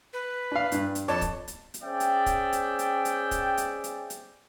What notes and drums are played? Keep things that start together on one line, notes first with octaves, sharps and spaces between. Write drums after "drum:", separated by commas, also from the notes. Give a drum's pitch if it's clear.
B4
D4 F5
G2 D4, drum: hi-hat
drum: hi-hat
F2 C#5 A5 D6
drum: kick, hi-hat
drum: hi-hat
drum: hi-hat
C#4 G#4 C5 D5 E5 G5
drum: hi-hat
drum: kick, hi-hat
drum: hi-hat
drum: hi-hat
drum: hi-hat
drum: kick, hi-hat
drum: hi-hat
drum: hi-hat
drum: hi-hat